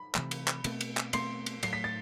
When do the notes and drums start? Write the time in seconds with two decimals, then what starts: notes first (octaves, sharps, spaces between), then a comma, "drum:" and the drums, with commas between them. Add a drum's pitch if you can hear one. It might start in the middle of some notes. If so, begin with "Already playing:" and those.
Already playing: B5
0.15 C3 E3 A3, drum: clap
0.31 drum: cymbal
0.48 drum: clap
0.64 B2 A3 C4, drum: cymbal
0.81 drum: cymbal
0.97 drum: clap
1.13 B2 A3 C4 C6 C7, drum: cymbal
1.46 drum: cymbal
1.63 A2 F#3 A3 C7, drum: cymbal
1.73 B6
1.84 A6